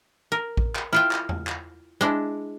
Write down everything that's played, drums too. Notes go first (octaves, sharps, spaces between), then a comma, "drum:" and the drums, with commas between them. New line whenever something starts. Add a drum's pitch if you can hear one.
A#4
drum: kick A1
drum: clap
E4 F4 G5 F6
drum: clap
drum: tom E2
drum: clap
G#3 D4 E4